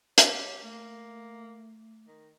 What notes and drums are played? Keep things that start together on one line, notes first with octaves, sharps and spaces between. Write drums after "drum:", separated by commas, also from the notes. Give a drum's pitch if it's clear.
G4 C#5, drum: hi-hat
A3 A#3
D#3